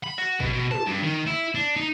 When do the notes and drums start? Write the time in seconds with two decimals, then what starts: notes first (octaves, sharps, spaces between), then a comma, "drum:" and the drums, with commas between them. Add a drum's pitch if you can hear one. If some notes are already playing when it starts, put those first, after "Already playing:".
0.04 B5
0.18 F#4
0.40 B2, drum: kick G#1
0.53 B2
0.71 A5, drum: tom
0.86 G2
1.02 D#3
1.26 E4
1.55 D4
1.76 D#4